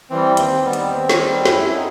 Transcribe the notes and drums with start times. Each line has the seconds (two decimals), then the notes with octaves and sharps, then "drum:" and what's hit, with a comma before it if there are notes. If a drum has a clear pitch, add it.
0.10 E3 G3 C4
0.37 D#2 C4, drum: hi-hat
0.64 D#3 G3 B3
0.73 drum: hi-hat
0.91 D#2 C4
1.09 drum: snare
1.19 D#3 G3
1.45 F#2 E4, drum: snare
1.69 C4
1.72 F#3 D#4